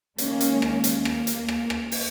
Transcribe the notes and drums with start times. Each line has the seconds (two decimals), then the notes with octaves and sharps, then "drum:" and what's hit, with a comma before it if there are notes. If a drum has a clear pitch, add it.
0.18 D#3 G#3 A#3 C#4, drum: hi-hat
0.41 drum: hi-hat
0.62 drum: rim click
0.84 drum: hi-hat
1.05 A#3, drum: rim click
1.27 drum: hi-hat
1.48 drum: rim click
1.70 drum: rim click
1.92 drum: open hi-hat